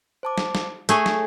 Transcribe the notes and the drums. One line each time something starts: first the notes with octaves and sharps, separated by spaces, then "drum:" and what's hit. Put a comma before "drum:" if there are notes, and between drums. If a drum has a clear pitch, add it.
C5 A5 D6
drum: snare
drum: snare
A3 G#4 A4 C#5 G#5, drum: hi-hat
drum: snare